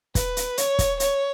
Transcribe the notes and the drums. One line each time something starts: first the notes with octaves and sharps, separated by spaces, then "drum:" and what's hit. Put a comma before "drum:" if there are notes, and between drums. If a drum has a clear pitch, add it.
B4, drum: kick, hi-hat
drum: hi-hat
C#5, drum: hi-hat
drum: kick, hi-hat
C#5, drum: hi-hat